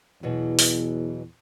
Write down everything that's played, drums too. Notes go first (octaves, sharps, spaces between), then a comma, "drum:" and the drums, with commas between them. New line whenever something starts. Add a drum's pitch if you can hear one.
E2 B2 E3 F#3
drum: open hi-hat